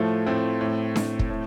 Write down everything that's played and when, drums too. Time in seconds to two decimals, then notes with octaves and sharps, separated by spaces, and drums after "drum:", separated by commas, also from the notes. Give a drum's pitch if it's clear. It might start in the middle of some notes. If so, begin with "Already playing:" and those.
Already playing: A2 F3 A3
0.26 A2 A3 C4
0.61 A2
0.96 A2, drum: snare D4
1.19 drum: kick
1.30 A2